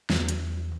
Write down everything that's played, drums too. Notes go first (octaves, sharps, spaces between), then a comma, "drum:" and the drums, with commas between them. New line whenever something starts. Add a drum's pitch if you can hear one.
E2, drum: snare
drum: hi-hat